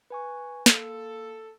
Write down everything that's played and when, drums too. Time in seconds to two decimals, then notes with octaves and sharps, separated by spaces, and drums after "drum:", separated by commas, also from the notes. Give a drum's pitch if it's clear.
0.10 B4 G#5 C#6
0.66 A#3 A4, drum: snare